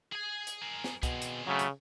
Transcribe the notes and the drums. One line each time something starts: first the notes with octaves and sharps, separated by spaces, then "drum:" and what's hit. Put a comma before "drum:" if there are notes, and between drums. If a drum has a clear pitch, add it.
G#4 G#5
drum: hi-hat
G#4 A#4
drum: snare
B2 C4 G#4, drum: kick, hi-hat
drum: hi-hat
C#3 F#3 A3
drum: hi-hat